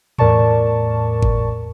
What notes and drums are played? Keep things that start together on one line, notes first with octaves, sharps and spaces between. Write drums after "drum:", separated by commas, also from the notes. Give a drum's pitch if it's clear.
E2 A2 A#4 D5 A5 C#6, drum: tom A2
drum: kick G#1